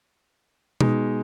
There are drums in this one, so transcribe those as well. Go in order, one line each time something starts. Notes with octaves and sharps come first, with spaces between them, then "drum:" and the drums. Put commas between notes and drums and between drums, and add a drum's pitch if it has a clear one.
B2 G#3 D#4, drum: tom